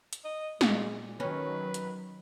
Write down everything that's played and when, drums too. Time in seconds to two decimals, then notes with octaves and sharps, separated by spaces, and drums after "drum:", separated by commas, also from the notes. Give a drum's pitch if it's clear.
0.13 drum: hi-hat
0.24 D#5
0.61 A#2 G#3, drum: snare
1.20 D#3 F#3 C#4 B4
1.74 drum: hi-hat